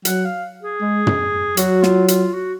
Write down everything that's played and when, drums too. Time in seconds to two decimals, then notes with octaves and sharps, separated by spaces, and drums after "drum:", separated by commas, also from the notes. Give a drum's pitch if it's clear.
0.05 F#3 F#5, drum: hi-hat
0.25 F5
0.62 G#4
0.81 G#3
1.07 drum: tom
1.57 F#3 F#4, drum: hi-hat
1.83 F4, drum: snare
2.08 F4, drum: hi-hat
2.33 F#4